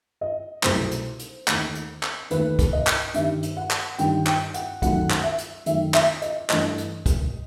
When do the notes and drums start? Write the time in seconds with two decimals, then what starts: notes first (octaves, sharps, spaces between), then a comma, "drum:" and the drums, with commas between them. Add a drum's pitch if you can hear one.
0.21 D#5
0.63 C2 B2 F#3 A3 C5, drum: clap
0.91 drum: hi-hat
1.19 drum: hi-hat
1.48 D#2 D#3 A3, drum: clap
1.75 drum: hi-hat
2.03 drum: clap
2.30 D#2 D#3 A3 B4, drum: hi-hat
2.59 drum: kick, hi-hat
2.73 D#5
2.87 drum: clap
3.14 G2 D#3 G3 E5, drum: hi-hat
3.43 drum: hi-hat
3.57 F#5
3.71 drum: clap
3.99 G2 D#3 G3 G5, drum: hi-hat
4.27 G5, drum: clap
4.54 F#5, drum: hi-hat
4.82 F#2 D#3 F#3 A3 F#5, drum: kick, hi-hat
5.10 drum: clap
5.24 E5
5.38 drum: hi-hat
5.66 F#2 D#3 F#3 A3 E5, drum: hi-hat
5.94 E5, drum: clap
6.22 D#5, drum: hi-hat
6.50 G2 E3 A3 D#5, drum: clap
6.78 drum: hi-hat
7.06 drum: kick, hi-hat